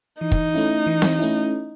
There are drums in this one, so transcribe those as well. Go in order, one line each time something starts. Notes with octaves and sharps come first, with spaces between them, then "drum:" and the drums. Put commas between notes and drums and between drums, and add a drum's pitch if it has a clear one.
E3 D#4
drum: kick
A3 C#4 E4
E3
drum: snare C4
A3 C#4 E4